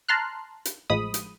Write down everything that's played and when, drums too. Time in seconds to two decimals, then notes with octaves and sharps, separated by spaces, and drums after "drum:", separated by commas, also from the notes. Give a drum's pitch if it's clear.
0.08 A5 A#5 C6 F6 F#6
0.65 drum: hi-hat
0.90 A1 A2 F3 G#3 B5 D#6
1.14 drum: hi-hat